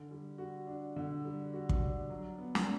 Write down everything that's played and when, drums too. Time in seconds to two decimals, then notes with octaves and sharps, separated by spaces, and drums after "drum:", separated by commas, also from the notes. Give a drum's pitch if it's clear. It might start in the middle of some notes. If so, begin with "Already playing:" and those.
Already playing: D3
0.11 G3
0.38 F#4
0.67 D4
0.96 D3
1.24 G3
1.53 F#4
1.69 drum: kick
1.82 D4
2.10 F#3
2.38 B3
2.55 drum: snare